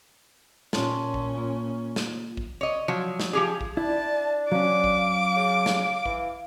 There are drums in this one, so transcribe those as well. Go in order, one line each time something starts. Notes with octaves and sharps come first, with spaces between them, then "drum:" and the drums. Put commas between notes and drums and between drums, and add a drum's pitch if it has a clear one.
A#2 C#4 F4 A5 C6, drum: snare
drum: kick A#1
A#3 F4
drum: snare
drum: kick A#1
C#5 D#5
F3 F#3
drum: snare
F3 G4 G#4
drum: kick A#1
D4 E4 D5 A5
F#3 C#4 F5 D6
drum: kick A#1
C#3
drum: snare
E3, drum: kick A#1